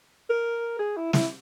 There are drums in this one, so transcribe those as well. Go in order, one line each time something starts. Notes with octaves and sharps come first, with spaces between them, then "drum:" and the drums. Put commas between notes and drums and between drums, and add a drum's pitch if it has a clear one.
A#4
G#4
E4
E4, drum: snare